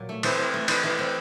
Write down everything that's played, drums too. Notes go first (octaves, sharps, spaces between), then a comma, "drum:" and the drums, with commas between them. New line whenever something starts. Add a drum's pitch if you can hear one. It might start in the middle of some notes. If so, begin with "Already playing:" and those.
Already playing: A#2 F#3
A3
E3 C4 C5, drum: cymbal
C4
A3
E3, drum: cymbal
E3
C4